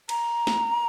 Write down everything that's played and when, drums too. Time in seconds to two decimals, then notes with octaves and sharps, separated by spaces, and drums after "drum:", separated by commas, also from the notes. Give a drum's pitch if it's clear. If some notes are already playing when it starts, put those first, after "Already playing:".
0.09 A#5, drum: cymbal
0.47 drum: snare